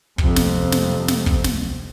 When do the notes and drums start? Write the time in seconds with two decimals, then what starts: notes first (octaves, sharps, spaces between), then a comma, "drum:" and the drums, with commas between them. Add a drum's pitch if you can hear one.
0.18 F2 C3, drum: kick
0.36 drum: snare
0.72 drum: snare
1.08 drum: snare
1.26 drum: kick
1.44 drum: snare